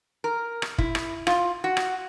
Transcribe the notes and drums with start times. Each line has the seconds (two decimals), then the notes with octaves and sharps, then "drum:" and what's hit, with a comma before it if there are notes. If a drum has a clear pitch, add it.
0.24 A#4
0.62 drum: rim click
0.78 E4, drum: kick
0.95 drum: rim click
1.27 F4, drum: rim click
1.64 F#4
1.77 drum: rim click